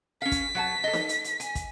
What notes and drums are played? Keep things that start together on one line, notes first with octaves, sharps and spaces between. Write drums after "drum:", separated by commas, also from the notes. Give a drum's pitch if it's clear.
C#4 F5 B6
drum: kick, hi-hat
F#3 F#5 A5
A4 D#5
drum: snare D#4
drum: hi-hat
drum: hi-hat
G#5, drum: hi-hat
drum: kick, hi-hat